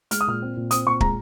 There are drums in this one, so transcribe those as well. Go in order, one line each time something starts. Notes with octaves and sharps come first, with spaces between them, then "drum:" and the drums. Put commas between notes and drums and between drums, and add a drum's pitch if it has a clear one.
G#3 F6, drum: hi-hat
D#6
A#2 F6
C4
A#2
C4 D#6, drum: hi-hat
A#2 C#6
G#3 A#5, drum: kick